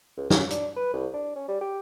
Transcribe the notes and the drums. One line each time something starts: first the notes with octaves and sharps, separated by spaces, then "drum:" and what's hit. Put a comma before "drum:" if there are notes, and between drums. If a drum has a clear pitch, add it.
C#2
C#4, drum: snare
D4, drum: hi-hat
B4
C2
D4
C#4
G3
G4